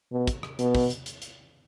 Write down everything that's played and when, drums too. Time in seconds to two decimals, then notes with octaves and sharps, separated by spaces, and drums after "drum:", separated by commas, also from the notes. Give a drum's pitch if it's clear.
0.12 B2
0.27 drum: kick, hi-hat
0.43 drum: rim click
0.59 B2, drum: hi-hat
0.75 drum: kick, open hi-hat
0.90 drum: hi-hat
1.06 drum: hi-hat
1.22 drum: hi-hat